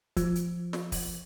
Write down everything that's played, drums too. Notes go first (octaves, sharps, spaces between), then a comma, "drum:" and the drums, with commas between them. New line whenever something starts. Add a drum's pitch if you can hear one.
F3, drum: kick, hi-hat
drum: hi-hat
drum: snare
drum: kick, open hi-hat